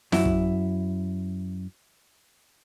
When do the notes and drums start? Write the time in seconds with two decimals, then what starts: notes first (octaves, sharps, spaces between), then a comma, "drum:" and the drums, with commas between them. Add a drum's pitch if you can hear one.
0.12 F#2 E4, drum: snare
0.25 drum: kick